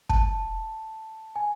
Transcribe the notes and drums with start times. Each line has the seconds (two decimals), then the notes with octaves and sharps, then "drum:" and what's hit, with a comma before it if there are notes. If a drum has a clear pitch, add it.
0.09 A5, drum: kick
1.36 G#5